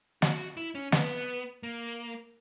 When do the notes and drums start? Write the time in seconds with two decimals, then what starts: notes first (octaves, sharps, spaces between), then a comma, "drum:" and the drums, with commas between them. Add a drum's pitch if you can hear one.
0.22 F#4, drum: snare
0.57 E4
0.75 C#4
0.92 B3, drum: snare
1.63 A#3